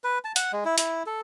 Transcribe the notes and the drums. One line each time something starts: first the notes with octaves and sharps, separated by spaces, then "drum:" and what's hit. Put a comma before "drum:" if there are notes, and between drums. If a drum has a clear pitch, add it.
B4
A5
F#5, drum: hi-hat
G#3
E4
E4, drum: hi-hat
A4